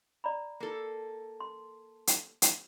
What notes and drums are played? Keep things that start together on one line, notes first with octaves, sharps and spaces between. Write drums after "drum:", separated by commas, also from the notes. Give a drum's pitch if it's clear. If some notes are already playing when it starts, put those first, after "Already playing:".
D5 A#5 B5
A#3 A4
C6
drum: hi-hat
drum: hi-hat